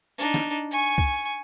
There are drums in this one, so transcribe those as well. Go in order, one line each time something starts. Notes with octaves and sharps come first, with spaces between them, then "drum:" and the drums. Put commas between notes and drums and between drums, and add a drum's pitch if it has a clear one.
D4 D#4
drum: snare
G#5 C#6
drum: kick